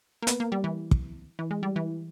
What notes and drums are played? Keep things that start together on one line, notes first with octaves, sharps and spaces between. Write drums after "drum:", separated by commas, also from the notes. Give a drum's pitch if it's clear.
A#3
B3, drum: hi-hat
A#3
G3
E3
drum: kick
E3
G#3
G3
E3